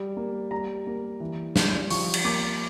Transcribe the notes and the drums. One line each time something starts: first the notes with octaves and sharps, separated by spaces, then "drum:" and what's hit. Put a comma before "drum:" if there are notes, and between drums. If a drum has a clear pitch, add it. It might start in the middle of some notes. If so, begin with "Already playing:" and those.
Already playing: G3
A#3
G3 A#5
A#3
E3
G3, drum: snare
F3 C#6, drum: open hi-hat
drum: cymbal
A#3 D6